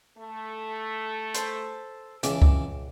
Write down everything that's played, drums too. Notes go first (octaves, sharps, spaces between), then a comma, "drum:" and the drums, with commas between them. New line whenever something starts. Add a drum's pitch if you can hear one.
A3
A4 C5, drum: hi-hat
C#2 C#3 E3 A5 D6, drum: hi-hat
drum: kick C#2